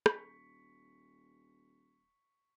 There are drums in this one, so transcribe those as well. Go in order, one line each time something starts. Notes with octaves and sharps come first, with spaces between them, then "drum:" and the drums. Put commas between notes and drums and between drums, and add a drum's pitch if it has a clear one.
D#1 C#6 B6 C#7, drum: rim click